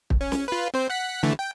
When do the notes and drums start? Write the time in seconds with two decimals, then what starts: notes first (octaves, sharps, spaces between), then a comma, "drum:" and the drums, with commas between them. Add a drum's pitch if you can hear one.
0.10 drum: kick
0.21 C#4
0.32 drum: snare
0.48 F4 B4
0.74 C4 C5
0.90 F#5 F#6 B6
1.23 D3 E3 A3
1.39 G5